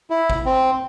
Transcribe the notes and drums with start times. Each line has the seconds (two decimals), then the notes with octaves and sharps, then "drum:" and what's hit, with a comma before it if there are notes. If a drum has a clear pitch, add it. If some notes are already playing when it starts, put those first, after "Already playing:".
0.10 E4
0.30 drum: kick
0.46 C4